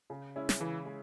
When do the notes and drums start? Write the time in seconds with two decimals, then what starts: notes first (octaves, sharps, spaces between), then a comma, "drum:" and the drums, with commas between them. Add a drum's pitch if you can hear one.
0.10 C#3
0.36 G#3 C#4 E4
0.49 drum: snare
0.60 C#3 E3
0.86 G#3